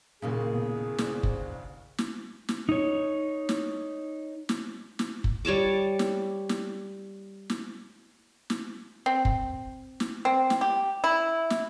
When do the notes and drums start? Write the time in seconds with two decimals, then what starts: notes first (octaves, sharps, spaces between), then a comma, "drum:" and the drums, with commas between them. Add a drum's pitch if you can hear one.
0.22 A1 D#2 A#2 C#3 D#4 G#4 A#4
0.54 B2 B3
0.98 D4 C5, drum: snare
1.23 drum: kick
1.98 drum: snare
2.49 drum: snare
2.69 D#4 C#5
3.49 drum: snare
4.49 drum: snare
4.99 drum: snare
5.24 drum: kick
5.45 G3 C#5 A5 D6
5.99 drum: snare
6.49 drum: snare
7.50 drum: snare
8.50 drum: snare
9.06 C4
9.25 drum: kick
10.00 drum: snare
10.25 C4
10.50 drum: snare
10.61 G4
11.04 E4
11.50 drum: snare